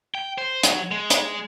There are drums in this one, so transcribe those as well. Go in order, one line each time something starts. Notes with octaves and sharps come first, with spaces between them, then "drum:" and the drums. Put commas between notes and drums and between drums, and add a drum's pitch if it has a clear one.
G5
C5
F#3, drum: hi-hat
G#3
drum: hi-hat